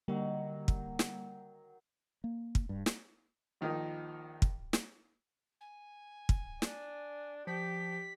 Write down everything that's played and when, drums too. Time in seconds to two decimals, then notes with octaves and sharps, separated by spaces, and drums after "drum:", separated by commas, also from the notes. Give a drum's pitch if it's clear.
0.08 D3 D#3 F#3 G3 A#3
0.68 drum: kick
0.99 drum: snare
2.24 A#3
2.55 drum: kick
2.69 G2
2.86 drum: snare
3.61 A#1 D#3 F3 D#4 D#6
4.42 drum: kick
4.73 drum: snare
5.60 G#5
6.29 drum: kick
6.62 D4, drum: snare
7.47 F3 G4 B6